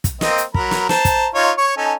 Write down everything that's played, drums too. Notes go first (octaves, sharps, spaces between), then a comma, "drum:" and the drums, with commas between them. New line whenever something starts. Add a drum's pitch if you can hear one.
drum: kick, hi-hat
A#3 C4 D#5, drum: snare
drum: hi-hat
F#3 A#4 B5, drum: kick
drum: snare
C5 A5 A#5, drum: snare
drum: kick, hi-hat
D#4 F4 C#5
C#5 C#6
C#4 D#4 A4